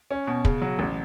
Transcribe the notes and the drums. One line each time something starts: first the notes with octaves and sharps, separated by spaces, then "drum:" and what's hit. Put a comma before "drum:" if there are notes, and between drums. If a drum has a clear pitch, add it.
C#4
B2
C#3, drum: kick
F#3
A1